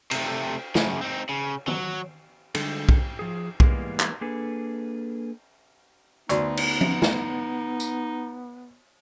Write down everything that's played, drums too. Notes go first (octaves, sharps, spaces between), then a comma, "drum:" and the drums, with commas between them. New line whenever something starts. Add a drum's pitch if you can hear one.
C3 A3, drum: cymbal
F#2 C#3, drum: snare
C4 D#4
C#3
F#3, drum: tom
D3 G3 G#3 D4 A4, drum: cymbal
drum: kick B1
F3 G#4
E3 G3 G#3 A#3 B3, drum: kick B1
drum: clap
A#3 D4 G#4 A4 B4
D2 B3 D#4 F#4 D5 C#6, drum: hi-hat
drum: cymbal
drum: tom F3
drum: snare
drum: tambourine